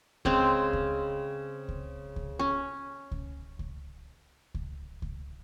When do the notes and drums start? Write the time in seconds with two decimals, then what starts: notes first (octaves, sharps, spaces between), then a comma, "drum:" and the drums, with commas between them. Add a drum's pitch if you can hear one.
0.25 C#3 G#3 C4, drum: kick C#2
0.73 drum: kick C#2
1.68 drum: kick C#2
2.16 drum: kick C#2
2.39 C#4
3.11 drum: kick C#2
3.59 drum: kick C#2
4.54 drum: kick C#2
5.02 drum: kick C#2